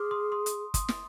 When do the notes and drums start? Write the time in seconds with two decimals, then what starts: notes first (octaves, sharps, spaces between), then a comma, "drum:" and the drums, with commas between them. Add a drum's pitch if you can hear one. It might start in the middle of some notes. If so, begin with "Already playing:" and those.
Already playing: G#4 C6 D6 D#6 F6
0.11 C6 D#6
0.32 C6 D#6
0.46 drum: hi-hat
0.74 C6 D#6, drum: kick, hi-hat
0.89 drum: snare